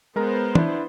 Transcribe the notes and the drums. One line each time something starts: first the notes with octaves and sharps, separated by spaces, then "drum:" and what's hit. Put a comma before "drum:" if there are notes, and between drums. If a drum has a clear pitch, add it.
G#3 B3 A#4 C5 A#5
D4 E4, drum: tom